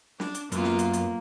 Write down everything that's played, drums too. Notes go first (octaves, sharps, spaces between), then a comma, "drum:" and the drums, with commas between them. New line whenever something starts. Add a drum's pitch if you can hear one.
D4, drum: snare
drum: hi-hat
F#2 A#3 B3 F4, drum: hi-hat
drum: snare
drum: hi-hat
drum: hi-hat